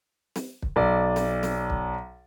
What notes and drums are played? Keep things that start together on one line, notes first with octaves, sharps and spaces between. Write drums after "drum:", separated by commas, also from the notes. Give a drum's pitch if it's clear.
drum: snare
drum: kick
B1 D5
drum: snare
drum: snare
drum: kick